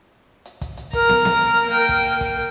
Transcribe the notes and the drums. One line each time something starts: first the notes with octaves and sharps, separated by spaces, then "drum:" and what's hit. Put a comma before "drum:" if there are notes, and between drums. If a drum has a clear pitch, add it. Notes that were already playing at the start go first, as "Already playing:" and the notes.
drum: hi-hat
drum: kick, hi-hat
drum: hi-hat
A#4 A#5, drum: kick, hi-hat
drum: snare
drum: snare
drum: hi-hat
drum: hi-hat
A#3 G5
drum: kick, hi-hat
drum: hi-hat
drum: kick, hi-hat